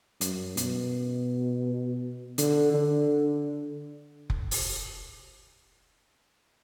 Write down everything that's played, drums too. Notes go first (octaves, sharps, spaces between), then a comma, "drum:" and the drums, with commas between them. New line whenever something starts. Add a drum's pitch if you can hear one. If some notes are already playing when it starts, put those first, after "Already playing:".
F#2, drum: hi-hat
B2, drum: hi-hat
D3, drum: hi-hat
D3
drum: kick F1
drum: open hi-hat